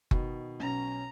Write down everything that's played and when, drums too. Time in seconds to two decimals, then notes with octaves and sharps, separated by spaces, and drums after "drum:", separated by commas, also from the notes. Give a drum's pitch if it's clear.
0.11 B2 D#3, drum: kick F#1
0.60 B1 C#4 A#5